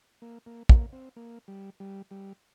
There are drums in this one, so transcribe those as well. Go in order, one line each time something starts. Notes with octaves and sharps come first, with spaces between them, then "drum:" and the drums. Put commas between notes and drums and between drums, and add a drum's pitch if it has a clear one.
A#3
A#3
A#3, drum: kick
C4
A#3
G3
G3
G3